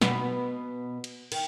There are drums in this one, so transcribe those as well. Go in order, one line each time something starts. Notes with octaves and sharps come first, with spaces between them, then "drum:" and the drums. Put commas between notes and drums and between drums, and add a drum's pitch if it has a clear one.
B2 B3, drum: snare
drum: cymbal
D#3, drum: cymbal